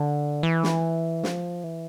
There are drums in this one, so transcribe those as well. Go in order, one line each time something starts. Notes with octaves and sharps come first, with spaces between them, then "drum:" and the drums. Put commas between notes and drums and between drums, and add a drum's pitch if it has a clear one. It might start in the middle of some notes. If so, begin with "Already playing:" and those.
Already playing: D3
E3
drum: snare
F3, drum: snare
E3